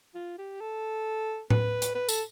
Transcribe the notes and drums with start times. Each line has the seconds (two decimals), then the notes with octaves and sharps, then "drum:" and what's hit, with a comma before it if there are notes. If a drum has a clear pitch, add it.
0.15 F4
0.38 G4
0.61 A4
1.50 B4, drum: tom A2
1.82 drum: hi-hat
1.95 B4
2.09 A4, drum: tambourine